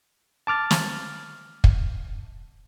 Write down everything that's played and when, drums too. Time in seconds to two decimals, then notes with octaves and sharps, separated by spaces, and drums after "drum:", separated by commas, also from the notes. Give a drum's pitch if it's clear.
0.47 A5 D6 F6 A6
0.71 drum: snare
1.64 drum: kick